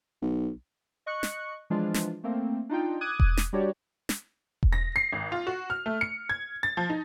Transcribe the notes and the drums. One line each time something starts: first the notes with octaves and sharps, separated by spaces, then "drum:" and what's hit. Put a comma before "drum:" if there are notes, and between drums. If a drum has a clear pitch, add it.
B1
D#5 C#6 F#6 C#7
drum: snare
E3 F3 G#3 D4 F4
drum: snare
A3 A#3 C4
D4 D#4 F4 G5
D6 D#6 F#6 G#6 D#7
drum: kick E1
drum: snare
G3 D4 F#4 G4 C#5 D5
drum: snare
drum: kick E1
A#6
C7
G#1
F4
F#4
F6
A3
C#7
G#6
A6
F3
D#4